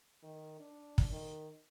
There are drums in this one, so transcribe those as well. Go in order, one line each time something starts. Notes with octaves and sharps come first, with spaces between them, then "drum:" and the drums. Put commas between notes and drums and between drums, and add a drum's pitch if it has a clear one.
D#3
D4
drum: kick
D#3